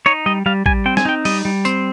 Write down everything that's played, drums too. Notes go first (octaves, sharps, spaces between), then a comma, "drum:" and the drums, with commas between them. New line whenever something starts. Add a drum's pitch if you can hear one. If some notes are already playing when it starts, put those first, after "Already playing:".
D#4 C#5
G3 D#5
G3 F5
G3 G#5, drum: kick
C4 G5
G#5, drum: snare
D#4 G5
G3 D#5, drum: open hi-hat
G3
C4 C5, drum: tambourine